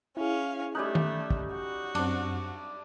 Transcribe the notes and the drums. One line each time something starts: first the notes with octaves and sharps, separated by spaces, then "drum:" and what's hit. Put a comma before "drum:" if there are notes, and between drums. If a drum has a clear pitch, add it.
C#4 E4 G#4 F5
G3 A3 C#4 D#4 F#6
drum: tom D#3
drum: kick
F#4
F#2 C4 D4, drum: cymbal